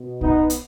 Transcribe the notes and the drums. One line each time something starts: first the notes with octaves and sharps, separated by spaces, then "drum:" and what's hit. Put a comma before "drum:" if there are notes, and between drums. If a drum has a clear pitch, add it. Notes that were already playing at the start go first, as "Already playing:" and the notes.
Already playing: B2
B3 D#4, drum: kick B1
drum: hi-hat